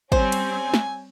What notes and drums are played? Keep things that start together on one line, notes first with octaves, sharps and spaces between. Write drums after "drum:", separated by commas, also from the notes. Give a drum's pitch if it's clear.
G3 C4 C#4 C5 G#5, drum: kick
drum: cymbal
drum: snare